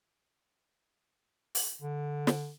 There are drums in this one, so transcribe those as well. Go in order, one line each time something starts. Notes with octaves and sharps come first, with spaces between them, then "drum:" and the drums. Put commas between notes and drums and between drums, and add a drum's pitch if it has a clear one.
drum: open hi-hat
D3
drum: snare